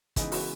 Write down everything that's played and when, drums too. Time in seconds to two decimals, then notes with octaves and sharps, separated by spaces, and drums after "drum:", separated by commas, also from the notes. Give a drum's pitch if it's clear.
0.16 C#3 E3 G#3 B3 D#4, drum: kick, hi-hat
0.32 F#4, drum: open hi-hat